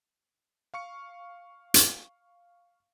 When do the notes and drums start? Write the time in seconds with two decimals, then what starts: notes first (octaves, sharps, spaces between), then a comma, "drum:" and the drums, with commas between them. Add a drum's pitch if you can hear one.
0.74 F5 C#6 C#7
1.74 drum: hi-hat